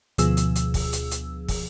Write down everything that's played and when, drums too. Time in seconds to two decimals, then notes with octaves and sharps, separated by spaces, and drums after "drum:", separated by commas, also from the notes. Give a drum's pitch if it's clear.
0.18 D2 B2 F3 G#4 E6, drum: hi-hat
0.37 drum: hi-hat
0.55 drum: hi-hat
0.74 drum: kick, open hi-hat
0.93 drum: hi-hat
1.11 drum: hi-hat
1.48 drum: kick, open hi-hat